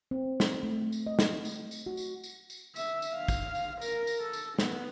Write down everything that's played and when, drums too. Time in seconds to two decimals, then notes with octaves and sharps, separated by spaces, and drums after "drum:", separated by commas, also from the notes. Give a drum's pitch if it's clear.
0.11 C4
0.40 drum: snare
0.63 A3
0.92 drum: tambourine
1.07 D#5
1.19 drum: snare
1.45 drum: tambourine
1.71 drum: tambourine
1.86 F#4
1.97 drum: tambourine
2.24 drum: tambourine
2.50 drum: tambourine
2.76 E5, drum: tambourine
3.02 drum: tambourine
3.15 F5
3.28 drum: kick, tambourine
3.55 drum: tambourine
3.81 A#4, drum: tambourine
4.07 drum: tambourine
4.21 A4
4.33 drum: tambourine
4.59 B3, drum: snare